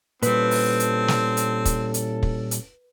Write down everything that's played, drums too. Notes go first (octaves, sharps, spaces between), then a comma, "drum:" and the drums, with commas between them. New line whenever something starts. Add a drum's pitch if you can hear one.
A#2 G3 C4 C#4 E4 A4 B4, drum: hi-hat
drum: open hi-hat
drum: hi-hat
drum: snare
drum: hi-hat
drum: kick, hi-hat
drum: hi-hat
drum: kick
drum: hi-hat